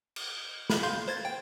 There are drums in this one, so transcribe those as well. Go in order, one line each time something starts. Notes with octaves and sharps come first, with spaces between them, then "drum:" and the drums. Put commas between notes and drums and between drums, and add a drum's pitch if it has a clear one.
drum: cymbal
B5, drum: snare
F5 C6 G6
C5 G#6 A6
G5